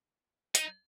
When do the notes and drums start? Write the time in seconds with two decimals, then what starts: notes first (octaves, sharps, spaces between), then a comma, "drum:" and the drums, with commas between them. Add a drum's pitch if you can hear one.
0.55 D#4, drum: hi-hat